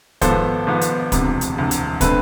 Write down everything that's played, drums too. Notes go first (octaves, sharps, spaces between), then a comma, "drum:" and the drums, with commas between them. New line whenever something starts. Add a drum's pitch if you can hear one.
G#1 G#2 F3 B3 A4 C5, drum: kick, hi-hat
G#1 G#2 F3 B3
drum: hi-hat
E1 D2 C3, drum: kick, hi-hat
drum: hi-hat
E1 D2 C3
drum: hi-hat
D3 A3 C4 B4, drum: kick, hi-hat